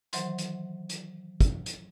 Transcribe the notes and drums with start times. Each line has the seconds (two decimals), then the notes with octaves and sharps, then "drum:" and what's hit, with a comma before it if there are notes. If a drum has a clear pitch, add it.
0.13 D#3 E3 F#3 C5 F#5 C6, drum: hi-hat
0.38 drum: hi-hat
0.89 drum: hi-hat
1.41 drum: kick, hi-hat
1.66 drum: hi-hat